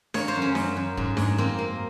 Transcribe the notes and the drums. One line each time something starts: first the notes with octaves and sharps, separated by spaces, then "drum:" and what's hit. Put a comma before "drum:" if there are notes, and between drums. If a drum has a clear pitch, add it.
A#3 C#5, drum: snare D4
C5
F#2
C#4
F#2, drum: snare D4
F#2
G#2, drum: kick
G#2, drum: snare D4
A#3 C4
A#3